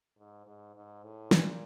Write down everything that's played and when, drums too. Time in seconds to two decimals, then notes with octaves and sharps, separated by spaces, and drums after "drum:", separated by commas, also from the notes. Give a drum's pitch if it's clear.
0.18 G#2
0.47 G#2
0.75 G#2
1.04 A2
1.31 A#2, drum: snare